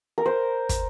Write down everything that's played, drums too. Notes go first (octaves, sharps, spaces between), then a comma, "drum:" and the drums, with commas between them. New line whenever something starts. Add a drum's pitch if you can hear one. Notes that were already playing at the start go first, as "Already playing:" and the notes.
A#4
C5
drum: kick, hi-hat